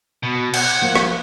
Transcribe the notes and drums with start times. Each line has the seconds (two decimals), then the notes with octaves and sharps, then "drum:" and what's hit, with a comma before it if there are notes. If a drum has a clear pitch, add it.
0.23 B2
0.54 F#5, drum: cymbal
0.82 F3 A#3
0.95 drum: rim click